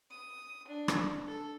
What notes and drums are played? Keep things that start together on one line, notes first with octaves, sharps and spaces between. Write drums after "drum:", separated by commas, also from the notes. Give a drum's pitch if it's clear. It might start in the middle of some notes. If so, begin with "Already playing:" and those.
D#6
D4
drum: rim click
A4